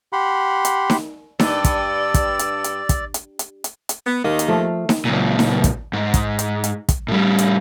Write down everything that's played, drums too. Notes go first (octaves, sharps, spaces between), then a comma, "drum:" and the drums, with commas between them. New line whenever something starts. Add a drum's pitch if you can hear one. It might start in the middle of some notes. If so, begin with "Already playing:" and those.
G4 F#5 B5 C6
drum: hi-hat
drum: snare D#4
G2 D5 E6, drum: snare D#4
drum: kick, hi-hat
drum: kick, hi-hat
drum: hi-hat
drum: hi-hat
drum: kick, hi-hat
drum: hi-hat
drum: hi-hat
drum: hi-hat
drum: hi-hat
B3
D#2 D#3 A#3 D#4
drum: hi-hat
F3 A3 F5
drum: snare D#4
C#2 A#2
drum: snare D#4
drum: kick, hi-hat
G#2
drum: kick, hi-hat
drum: hi-hat
drum: hi-hat
drum: kick, hi-hat
A2 G3
drum: hi-hat